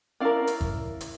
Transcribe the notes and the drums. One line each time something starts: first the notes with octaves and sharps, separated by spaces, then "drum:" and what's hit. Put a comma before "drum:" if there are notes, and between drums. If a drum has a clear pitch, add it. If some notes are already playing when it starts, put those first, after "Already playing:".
C#4 E4 A#4 D5 F5
drum: hi-hat
drum: kick G1
drum: hi-hat